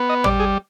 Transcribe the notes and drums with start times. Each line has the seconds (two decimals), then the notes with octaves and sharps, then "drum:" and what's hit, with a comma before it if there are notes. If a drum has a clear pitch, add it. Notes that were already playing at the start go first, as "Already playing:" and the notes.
Already playing: B3
0.09 D#5
0.24 G3 D5, drum: tom
0.40 G#4